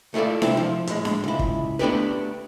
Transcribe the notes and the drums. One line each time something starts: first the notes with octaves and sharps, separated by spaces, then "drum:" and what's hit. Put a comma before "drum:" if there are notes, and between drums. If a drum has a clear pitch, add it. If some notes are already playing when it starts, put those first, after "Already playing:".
A3 E4 F4 A4 D5
C3 C4 E4, drum: snare D4
F3
A2 G#3, drum: hi-hat
drum: snare D4
C#2 E4
drum: kick
A3 B3 D4 G4 B4